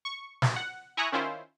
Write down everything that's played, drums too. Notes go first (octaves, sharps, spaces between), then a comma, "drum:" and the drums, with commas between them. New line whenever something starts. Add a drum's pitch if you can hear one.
C#6
drum: snare
F#5
E4 G#5 A#5 C#6 D#6 F#6
D#3 C#4 E4 F4 C5